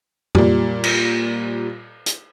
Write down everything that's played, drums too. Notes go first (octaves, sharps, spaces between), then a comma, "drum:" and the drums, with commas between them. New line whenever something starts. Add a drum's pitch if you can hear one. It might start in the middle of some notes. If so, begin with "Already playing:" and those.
A#2 G3, drum: tom F2
drum: cymbal
drum: hi-hat